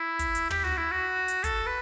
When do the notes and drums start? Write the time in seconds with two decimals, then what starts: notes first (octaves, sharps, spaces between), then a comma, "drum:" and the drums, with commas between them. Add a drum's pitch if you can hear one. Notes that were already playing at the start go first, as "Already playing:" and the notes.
Already playing: E4
0.19 drum: kick, hi-hat
0.35 drum: hi-hat
0.50 G4, drum: tom
0.64 F#4, drum: snare
0.77 E4
0.91 F#4
1.28 drum: hi-hat
1.44 A4, drum: kick, hi-hat
1.67 B4